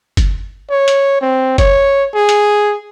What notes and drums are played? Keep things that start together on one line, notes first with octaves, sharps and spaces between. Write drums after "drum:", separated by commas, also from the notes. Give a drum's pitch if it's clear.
drum: kick F#1, hi-hat
C#5
drum: hi-hat
C4
C#5, drum: kick F#1, hi-hat
G#4
drum: hi-hat